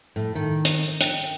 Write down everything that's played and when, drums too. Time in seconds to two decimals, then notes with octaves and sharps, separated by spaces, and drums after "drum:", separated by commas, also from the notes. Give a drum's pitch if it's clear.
0.16 A2
0.35 D#3
0.65 drum: hi-hat
1.01 G5, drum: hi-hat